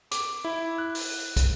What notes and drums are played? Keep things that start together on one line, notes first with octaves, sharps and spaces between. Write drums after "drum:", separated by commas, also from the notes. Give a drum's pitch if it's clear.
D6, drum: hi-hat
E4
F#6
drum: open hi-hat
drum: kick, hi-hat